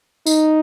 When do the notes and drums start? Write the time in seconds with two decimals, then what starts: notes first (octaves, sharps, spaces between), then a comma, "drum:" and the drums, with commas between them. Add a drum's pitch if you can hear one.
0.26 D#4, drum: tambourine